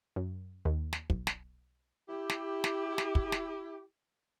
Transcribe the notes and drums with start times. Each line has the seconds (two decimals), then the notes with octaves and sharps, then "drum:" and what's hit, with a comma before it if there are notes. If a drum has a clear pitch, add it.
0.16 F#2
0.65 D#2
0.93 drum: snare
1.10 B1, drum: kick
1.27 drum: snare
2.09 E4 G4
2.30 drum: snare
2.64 drum: snare
2.98 drum: snare
3.15 drum: kick
3.32 drum: snare